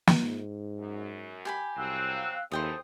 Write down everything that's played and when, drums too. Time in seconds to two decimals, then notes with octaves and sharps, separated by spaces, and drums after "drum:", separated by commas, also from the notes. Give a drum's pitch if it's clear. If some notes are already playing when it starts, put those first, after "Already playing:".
0.07 drum: snare
0.23 G#2
0.78 F#2
1.45 G4 G#5 B5
1.77 C2 F#3 C4 F5 E6 F#6
2.51 D#2 C#3 E3 F#3 A4 C5 G5 D#6